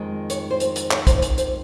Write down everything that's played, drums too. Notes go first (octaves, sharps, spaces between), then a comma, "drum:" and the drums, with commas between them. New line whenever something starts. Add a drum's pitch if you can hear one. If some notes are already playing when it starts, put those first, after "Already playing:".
Already playing: F2 D#3 G#3
C#5, drum: hi-hat
C5
drum: hi-hat
drum: hi-hat
C#5, drum: clap
C5, drum: kick, hi-hat
drum: hi-hat
C5, drum: hi-hat